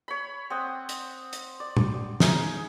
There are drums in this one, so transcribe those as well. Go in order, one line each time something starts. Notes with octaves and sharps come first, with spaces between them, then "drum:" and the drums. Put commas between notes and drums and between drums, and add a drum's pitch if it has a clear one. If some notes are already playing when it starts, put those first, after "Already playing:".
C#5 B5
C4 F#5 D#6
drum: hi-hat
drum: hi-hat
D5
drum: tom
D#4 G#4, drum: snare